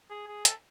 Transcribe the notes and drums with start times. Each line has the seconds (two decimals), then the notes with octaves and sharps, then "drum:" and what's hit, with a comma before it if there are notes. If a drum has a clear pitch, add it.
0.10 G#4
0.28 G#4
0.45 A4, drum: hi-hat